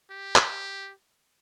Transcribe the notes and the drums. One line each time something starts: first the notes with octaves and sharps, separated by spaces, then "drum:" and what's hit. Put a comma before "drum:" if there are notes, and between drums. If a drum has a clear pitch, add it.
G4
drum: clap